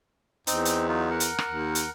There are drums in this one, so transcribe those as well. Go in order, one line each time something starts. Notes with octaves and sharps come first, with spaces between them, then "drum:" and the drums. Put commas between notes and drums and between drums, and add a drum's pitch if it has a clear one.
E2 C4 D#4, drum: hi-hat
drum: hi-hat
F#3 D#4 F4
A#4 F#5
drum: hi-hat
drum: rim click
D#2
drum: hi-hat